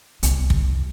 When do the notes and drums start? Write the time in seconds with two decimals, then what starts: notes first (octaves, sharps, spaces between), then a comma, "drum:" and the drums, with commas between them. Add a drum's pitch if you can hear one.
0.23 C2, drum: hi-hat
0.50 drum: kick